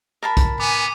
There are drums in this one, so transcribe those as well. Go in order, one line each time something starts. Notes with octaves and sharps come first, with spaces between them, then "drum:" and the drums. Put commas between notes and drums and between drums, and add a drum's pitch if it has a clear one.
A#4 A5 B5
drum: kick, hi-hat
B3 G#5 D6 D#7